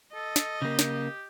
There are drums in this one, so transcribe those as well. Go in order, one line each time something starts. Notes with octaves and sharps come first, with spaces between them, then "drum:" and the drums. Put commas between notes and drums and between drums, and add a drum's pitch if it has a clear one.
A4 D#5
drum: snare
C#3 A#3 G4
drum: snare